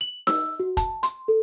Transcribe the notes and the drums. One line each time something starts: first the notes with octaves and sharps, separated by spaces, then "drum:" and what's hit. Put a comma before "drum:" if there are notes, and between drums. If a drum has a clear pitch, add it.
F#7
E6, drum: snare D#4
F#4
A5, drum: kick F1, hi-hat
C6, drum: hi-hat
A4